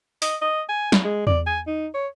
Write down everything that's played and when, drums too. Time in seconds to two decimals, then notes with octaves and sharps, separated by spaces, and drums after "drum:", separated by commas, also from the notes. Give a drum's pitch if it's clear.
0.22 D#5, drum: open hi-hat
0.42 D#5
0.69 G#5
0.92 drum: snare
1.04 G#3
1.27 D5, drum: tom E2
1.46 G#5
1.67 D#4
1.94 C#5